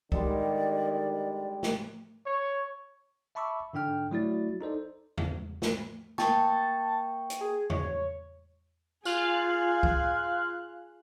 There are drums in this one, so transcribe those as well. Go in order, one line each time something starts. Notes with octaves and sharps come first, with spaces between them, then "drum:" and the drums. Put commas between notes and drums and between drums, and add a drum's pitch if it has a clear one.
D3 D#3 G3 G#3 D5, drum: kick
drum: snare
C#5
E5 A5 B5 C#6 D6 E6
G#2 D3 D4 G5 F6
F#3 A3 E4 F#4 D5 A6
D#4 A4 C5 D5
drum: tom E2
drum: snare
A#3 G5 A5 C#6, drum: snare
drum: hi-hat
G#4
C#5, drum: tom E2
F4 G#4 F5 G#5 F#6, drum: tambourine
drum: kick